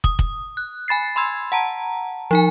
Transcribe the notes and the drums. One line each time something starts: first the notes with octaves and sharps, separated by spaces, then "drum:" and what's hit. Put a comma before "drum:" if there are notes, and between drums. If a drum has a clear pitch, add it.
D#6, drum: kick
drum: kick
F#6
G#5 B5 A6 C7
B5 C6 E6 G#6
F#5 A5 A#5
F3 D#4 G#5